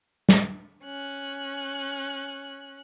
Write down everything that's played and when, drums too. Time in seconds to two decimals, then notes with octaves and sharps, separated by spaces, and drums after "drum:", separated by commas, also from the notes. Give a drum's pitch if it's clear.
0.29 drum: snare
0.84 C#4 F#6